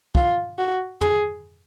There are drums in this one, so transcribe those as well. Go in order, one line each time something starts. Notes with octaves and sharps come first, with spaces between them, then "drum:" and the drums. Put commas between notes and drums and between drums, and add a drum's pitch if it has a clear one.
F4, drum: kick
F#4
G#4, drum: tom